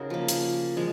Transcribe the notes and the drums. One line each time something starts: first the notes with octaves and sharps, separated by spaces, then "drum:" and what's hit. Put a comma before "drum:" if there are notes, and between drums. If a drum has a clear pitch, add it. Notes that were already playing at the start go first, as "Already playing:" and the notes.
Already playing: C#3 D#4 F#4 A#4
F3 A#3
drum: hi-hat
F3 G#3